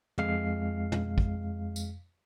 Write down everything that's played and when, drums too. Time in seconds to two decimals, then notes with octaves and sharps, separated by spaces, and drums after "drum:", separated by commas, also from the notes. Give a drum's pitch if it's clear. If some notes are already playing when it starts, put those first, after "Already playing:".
0.18 F2 G#3 F5 C7, drum: tom
0.92 drum: tom
1.18 drum: kick
1.76 drum: tambourine